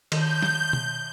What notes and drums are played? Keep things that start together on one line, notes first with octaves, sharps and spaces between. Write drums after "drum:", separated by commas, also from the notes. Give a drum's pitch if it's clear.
D#3 G6, drum: cymbal
drum: snare
drum: tom B2